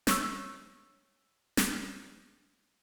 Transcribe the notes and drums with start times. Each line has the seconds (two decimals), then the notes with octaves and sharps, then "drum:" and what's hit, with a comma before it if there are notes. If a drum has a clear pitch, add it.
0.07 C#5 C#6 E6, drum: snare
1.57 drum: snare